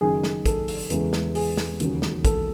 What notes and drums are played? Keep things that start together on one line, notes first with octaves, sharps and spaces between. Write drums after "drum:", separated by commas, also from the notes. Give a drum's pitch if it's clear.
F#1 F#2 D#3 G#4
drum: snare
A4, drum: kick, hi-hat
drum: open hi-hat
E2 C#3 G#3, drum: hi-hat
drum: snare
G#4, drum: open hi-hat
drum: snare
E1 D#2 C#3 F#3, drum: hi-hat
drum: snare
A4, drum: kick, hi-hat